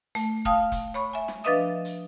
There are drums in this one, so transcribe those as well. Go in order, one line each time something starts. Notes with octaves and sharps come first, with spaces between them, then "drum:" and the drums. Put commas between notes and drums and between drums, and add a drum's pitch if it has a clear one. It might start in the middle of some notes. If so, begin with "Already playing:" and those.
A3, drum: hi-hat
F5 G5 A5 D#6 F6, drum: kick E1
drum: kick E1, hi-hat
C#5 B5 C#6
E5 G#5
drum: snare
F3 D4 B4 D#5 E5 D#6
drum: hi-hat